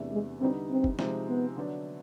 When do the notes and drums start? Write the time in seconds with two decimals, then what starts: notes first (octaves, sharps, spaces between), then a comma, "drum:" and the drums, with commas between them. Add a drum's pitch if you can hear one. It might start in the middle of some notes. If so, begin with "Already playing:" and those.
Already playing: E2 C3 E3 A3 D4
0.11 G#3
0.41 D3 G3 B3 C4 D#4
0.70 C4
0.84 drum: kick
0.99 C3 F3 G#3 C4 D#4, drum: snare
1.28 B3
1.56 D3 F#3 B3 D4